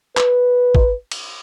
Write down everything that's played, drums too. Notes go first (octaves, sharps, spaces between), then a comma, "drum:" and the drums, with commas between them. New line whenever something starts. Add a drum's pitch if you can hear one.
B4, drum: clap
drum: kick
drum: cymbal